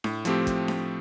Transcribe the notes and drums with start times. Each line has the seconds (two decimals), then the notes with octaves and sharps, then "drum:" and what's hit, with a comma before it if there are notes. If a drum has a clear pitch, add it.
0.04 A2, drum: snare D4
0.25 F3 A3 C4 G4, drum: hi-hat
0.47 drum: kick, hi-hat
0.68 drum: snare D4